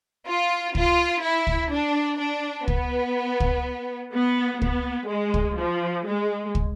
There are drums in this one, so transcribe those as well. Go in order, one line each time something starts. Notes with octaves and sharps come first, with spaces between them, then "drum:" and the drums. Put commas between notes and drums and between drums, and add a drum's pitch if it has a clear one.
F4
F4, drum: kick
E4
drum: kick
D4
D4
B3, drum: kick
drum: kick
B3
B3, drum: kick
G#3
drum: kick
F3
G#3
drum: kick